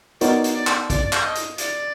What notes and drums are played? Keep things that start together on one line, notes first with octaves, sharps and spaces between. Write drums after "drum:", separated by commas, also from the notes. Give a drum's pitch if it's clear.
B3 D#4 F#4 A#4 C#5 D5, drum: hi-hat
drum: hi-hat
D5
drum: clap
D5, drum: kick A1, hi-hat
drum: clap
D#5
drum: hi-hat
D5, drum: hi-hat